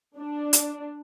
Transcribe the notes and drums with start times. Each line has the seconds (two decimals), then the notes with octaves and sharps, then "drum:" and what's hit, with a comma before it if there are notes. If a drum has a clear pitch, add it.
0.18 D4
0.53 drum: hi-hat